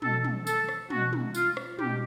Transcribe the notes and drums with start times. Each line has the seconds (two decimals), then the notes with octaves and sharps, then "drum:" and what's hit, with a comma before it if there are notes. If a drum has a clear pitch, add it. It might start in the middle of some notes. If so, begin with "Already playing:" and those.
0.02 B2 A4, drum: tom
0.24 drum: tom
0.47 A4, drum: tambourine
0.69 drum: rim click
0.90 B2 F#4, drum: tom
1.13 drum: tom
1.34 F4, drum: tambourine
1.57 drum: rim click
1.79 B2 G4, drum: tom